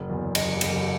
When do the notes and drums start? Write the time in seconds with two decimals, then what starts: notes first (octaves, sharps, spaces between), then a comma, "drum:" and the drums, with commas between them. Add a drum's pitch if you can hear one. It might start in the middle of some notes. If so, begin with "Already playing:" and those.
Already playing: F#1
0.10 E2
0.35 F#1 D#5, drum: cymbal
0.61 F#1, drum: cymbal